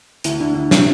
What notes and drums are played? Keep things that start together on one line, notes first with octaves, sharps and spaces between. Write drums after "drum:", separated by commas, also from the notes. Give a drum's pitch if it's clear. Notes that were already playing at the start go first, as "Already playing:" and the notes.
D2 E4, drum: hi-hat
D2 D4
D2 D4
C3 D4, drum: snare